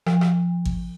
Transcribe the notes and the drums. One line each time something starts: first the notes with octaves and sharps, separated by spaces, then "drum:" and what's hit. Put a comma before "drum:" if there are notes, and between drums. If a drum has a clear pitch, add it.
F3, drum: rim click
drum: rim click
drum: kick G#1